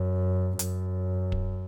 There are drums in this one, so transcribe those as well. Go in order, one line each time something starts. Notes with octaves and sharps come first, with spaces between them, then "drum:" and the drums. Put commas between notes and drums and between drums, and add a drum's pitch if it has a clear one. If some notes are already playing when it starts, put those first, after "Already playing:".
Already playing: F#2
F#2, drum: hi-hat
drum: kick